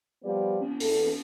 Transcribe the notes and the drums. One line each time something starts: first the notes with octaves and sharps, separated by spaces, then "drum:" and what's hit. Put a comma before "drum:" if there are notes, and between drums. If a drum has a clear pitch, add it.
F3 G3 B3 G4 D5
drum: cymbal
E2 A4, drum: open hi-hat